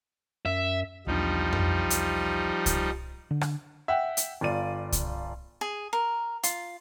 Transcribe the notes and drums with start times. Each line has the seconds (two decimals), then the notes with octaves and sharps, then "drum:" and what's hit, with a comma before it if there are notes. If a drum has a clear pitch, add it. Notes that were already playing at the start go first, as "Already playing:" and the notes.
0.46 F#2 E5
1.07 B1 E2 F3 G3 D4 D#4
1.53 drum: tom F2
1.90 drum: hi-hat
2.66 drum: kick C2, hi-hat
3.31 D3
3.41 drum: rim click
3.88 E5 F#5 G5
4.17 drum: hi-hat
4.41 G1 F4 D5 D#7
4.92 drum: kick C2, hi-hat
5.61 G#4
5.93 A#4
6.43 F4, drum: hi-hat